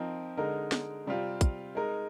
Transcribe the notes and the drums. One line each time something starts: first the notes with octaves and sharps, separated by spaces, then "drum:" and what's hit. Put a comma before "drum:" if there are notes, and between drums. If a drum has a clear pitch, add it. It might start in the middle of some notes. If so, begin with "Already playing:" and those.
Already playing: F3 C4 D#4 A#4
D3 G#3 D#4 A#4
drum: snare
C3 G3 C4 F4
drum: kick, hi-hat
G#3 D#4 A#4